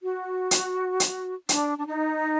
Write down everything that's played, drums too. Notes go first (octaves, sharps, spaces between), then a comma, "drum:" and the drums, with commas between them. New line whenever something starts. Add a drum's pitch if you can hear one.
F#4
drum: hi-hat
drum: hi-hat
D4, drum: hi-hat
D4
D#4